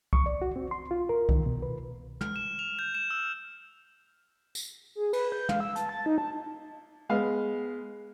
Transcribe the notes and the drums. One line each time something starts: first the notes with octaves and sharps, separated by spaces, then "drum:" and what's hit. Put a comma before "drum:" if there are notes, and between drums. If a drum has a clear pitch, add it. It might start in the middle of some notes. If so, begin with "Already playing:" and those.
C#6, drum: kick
D5
F#4
C4
C6
F4
A#4
D#3, drum: kick
B2
B4
F6, drum: tom
E7
F7
G6
E7
E6
drum: tambourine
G#4
B4, drum: cymbal
G6
F5, drum: tom
E6
A5, drum: hi-hat
A6
D#4
A5
G#3 B3 F5